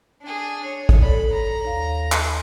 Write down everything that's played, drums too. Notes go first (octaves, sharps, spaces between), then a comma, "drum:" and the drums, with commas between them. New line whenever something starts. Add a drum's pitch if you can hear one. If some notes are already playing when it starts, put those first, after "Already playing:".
D4 G#4
C#5
drum: kick
A4 C#5 D5 B5
A#5
D#2 F5
drum: clap